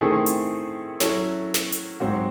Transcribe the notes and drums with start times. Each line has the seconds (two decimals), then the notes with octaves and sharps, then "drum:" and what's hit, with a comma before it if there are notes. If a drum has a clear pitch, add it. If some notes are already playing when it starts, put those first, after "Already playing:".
0.01 D#3 A3 C4 E4 G#4
0.26 drum: hi-hat
1.00 F#3 C#4 E4 A4, drum: snare
1.54 drum: snare
1.72 drum: hi-hat
2.00 G#2 F#3 C4 F#4